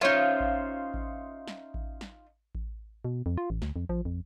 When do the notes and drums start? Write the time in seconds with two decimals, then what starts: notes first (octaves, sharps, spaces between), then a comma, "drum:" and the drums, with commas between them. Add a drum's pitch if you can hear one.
0.01 C#4 D#4 F4 C5 C#5 E5 F5
0.40 drum: kick A1
0.94 drum: kick A1
1.47 drum: snare
1.74 drum: kick A1
2.01 drum: snare
2.55 drum: kick A1
3.05 B2
3.26 F2
3.37 F4
3.50 A1
3.62 D2, drum: snare
3.76 F2
3.89 F3, drum: kick A1
4.05 F2